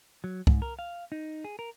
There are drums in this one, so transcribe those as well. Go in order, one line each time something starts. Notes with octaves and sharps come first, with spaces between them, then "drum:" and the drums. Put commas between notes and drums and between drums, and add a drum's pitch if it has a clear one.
F#3
G#2, drum: kick
A#4
F5
D#4
G#4
A#4